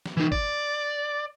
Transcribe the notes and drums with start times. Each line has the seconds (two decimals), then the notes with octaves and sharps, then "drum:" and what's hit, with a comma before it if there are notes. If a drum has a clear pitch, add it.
0.06 drum: snare
0.17 E3 D#4
0.32 D5, drum: kick G1